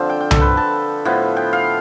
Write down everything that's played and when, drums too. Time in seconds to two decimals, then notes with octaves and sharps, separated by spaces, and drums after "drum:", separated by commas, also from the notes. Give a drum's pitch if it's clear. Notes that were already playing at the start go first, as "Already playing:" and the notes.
Already playing: D3 F3 C4 A5
0.10 G5
0.21 G5
0.31 A4, drum: tom C2
0.41 B4
0.57 A5
1.05 A2 F3 B3
1.37 G5
1.53 F5